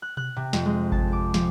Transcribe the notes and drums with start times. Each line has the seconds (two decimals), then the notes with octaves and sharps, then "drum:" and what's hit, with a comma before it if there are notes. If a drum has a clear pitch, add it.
0.02 F#6
0.17 F#6, drum: tom B2
0.36 C3
0.53 F2, drum: snare
0.66 G#3
0.92 A5, drum: kick G#1
1.13 D6
1.34 F3, drum: snare